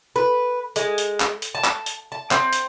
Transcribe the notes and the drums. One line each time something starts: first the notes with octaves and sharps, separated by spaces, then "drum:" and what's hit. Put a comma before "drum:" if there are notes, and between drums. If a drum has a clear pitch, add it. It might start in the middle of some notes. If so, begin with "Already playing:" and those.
B4
G#3, drum: hi-hat
drum: hi-hat
drum: clap
drum: hi-hat
A5
drum: clap
drum: hi-hat
A5
C4, drum: clap
drum: hi-hat